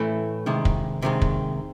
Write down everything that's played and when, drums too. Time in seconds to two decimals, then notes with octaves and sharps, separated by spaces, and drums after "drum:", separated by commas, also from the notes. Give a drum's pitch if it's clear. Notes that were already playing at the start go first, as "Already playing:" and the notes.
Already playing: A2 E3 A3 E4
0.46 C3 D#3 G#3
0.65 drum: kick
1.02 C3 D#3 G#3 C4
1.22 drum: kick